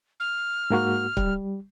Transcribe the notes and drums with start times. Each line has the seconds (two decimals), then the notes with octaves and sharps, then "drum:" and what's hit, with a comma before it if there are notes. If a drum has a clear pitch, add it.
0.20 F6
0.70 G#2 A#3 F#4
1.17 G3, drum: kick